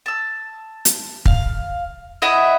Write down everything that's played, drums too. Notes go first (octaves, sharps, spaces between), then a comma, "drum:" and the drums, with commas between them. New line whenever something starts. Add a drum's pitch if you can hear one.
A5 E6
drum: hi-hat
F5, drum: kick
E4 D#5 E5 F#5